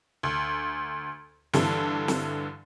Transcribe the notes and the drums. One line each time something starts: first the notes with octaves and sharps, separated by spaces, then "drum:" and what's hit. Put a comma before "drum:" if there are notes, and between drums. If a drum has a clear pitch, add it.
D2
G2 D3 E3, drum: snare
drum: snare